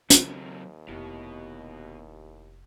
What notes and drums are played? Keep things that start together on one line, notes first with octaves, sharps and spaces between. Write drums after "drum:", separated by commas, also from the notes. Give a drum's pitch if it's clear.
D#2 C#3 F#3 C4 F4, drum: hi-hat
F1 B2 E4 G4